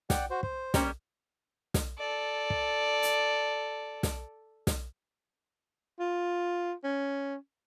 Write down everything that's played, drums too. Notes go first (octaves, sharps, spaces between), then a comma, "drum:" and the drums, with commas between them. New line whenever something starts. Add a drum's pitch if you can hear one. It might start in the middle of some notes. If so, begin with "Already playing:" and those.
D5 F#5 G5, drum: snare
F#4 C5
C5, drum: kick
G3 A#3 C#4, drum: snare
drum: snare
A4 D5
drum: kick
drum: hi-hat
drum: snare
drum: snare
F4
C#4